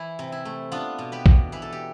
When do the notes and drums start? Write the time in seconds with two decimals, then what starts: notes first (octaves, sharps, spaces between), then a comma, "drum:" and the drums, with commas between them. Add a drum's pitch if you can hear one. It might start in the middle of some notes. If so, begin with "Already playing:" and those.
Already playing: E3 E4
0.19 C3
0.32 E4
0.45 A3
0.72 B3 D4 F4
0.99 B2
1.12 G4 B4
1.26 B2, drum: kick A#1
1.52 E3 B4
1.62 A4
1.72 G4